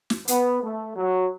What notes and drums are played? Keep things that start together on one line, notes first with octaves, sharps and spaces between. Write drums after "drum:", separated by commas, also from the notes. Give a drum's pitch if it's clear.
drum: snare
B3, drum: hi-hat
A3
F#3